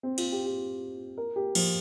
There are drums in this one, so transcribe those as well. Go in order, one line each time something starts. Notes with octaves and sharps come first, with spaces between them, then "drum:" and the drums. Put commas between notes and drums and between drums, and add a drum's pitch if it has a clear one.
C4
F4, drum: cymbal
G4
G4
A#4
G4
F3, drum: cymbal